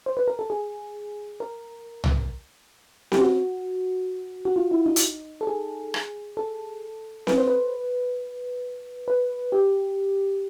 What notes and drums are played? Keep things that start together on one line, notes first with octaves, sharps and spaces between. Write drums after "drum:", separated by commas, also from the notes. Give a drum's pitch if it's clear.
C5
B4
A#4
A4
G#4
A#4
drum: tom
G4, drum: snare C4
F#4
F#4
F4
E4
D#4
drum: hi-hat
A4
G#4
drum: rim click
A4
B4, drum: snare C4
C5
B4
B4
G4